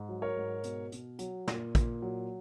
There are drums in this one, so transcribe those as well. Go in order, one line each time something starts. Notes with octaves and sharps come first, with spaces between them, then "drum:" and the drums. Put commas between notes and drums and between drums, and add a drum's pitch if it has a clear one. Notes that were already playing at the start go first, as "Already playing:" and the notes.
Already playing: G#2
F#3
A#4 C#5
G#2
B2, drum: hi-hat
B2, drum: hi-hat
F#3, drum: hi-hat
A#2, drum: snare
A#2, drum: kick, hi-hat
F#3